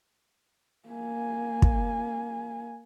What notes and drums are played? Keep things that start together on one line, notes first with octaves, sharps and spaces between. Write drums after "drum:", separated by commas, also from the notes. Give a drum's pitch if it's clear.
A#3 G#5
drum: kick